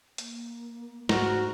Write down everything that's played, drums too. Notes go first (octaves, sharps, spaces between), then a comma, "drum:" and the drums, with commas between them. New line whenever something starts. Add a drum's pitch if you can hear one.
A#3, drum: hi-hat
G#2 A3 F#4 A#5 F6, drum: snare